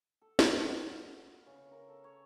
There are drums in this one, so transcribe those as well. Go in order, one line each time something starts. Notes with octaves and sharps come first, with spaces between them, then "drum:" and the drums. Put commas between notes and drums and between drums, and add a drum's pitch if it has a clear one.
A4
A#2, drum: snare
B3
F5
C#3
A#4
A4
C#5